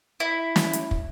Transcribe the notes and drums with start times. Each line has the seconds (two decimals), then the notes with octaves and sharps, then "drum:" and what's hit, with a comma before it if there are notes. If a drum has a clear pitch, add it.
0.20 E4
0.56 drum: snare
0.73 drum: hi-hat
0.91 drum: kick